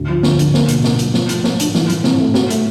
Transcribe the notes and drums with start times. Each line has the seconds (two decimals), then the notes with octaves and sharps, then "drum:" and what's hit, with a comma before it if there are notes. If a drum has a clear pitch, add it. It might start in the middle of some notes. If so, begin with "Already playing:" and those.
Already playing: D2
0.09 F3
0.23 D3, drum: snare
0.39 D3, drum: hi-hat
0.54 A#3, drum: snare
0.68 B2, drum: hi-hat
0.84 A#3, drum: snare
0.99 F#3, drum: hi-hat
1.14 F3, drum: snare
1.29 A3, drum: hi-hat
1.44 A3, drum: snare
1.60 D4, drum: hi-hat
1.75 E3, drum: snare
1.90 E3, drum: hi-hat
2.04 C3, drum: snare
2.20 A3
2.34 F#4, drum: snare
2.50 A3, drum: hi-hat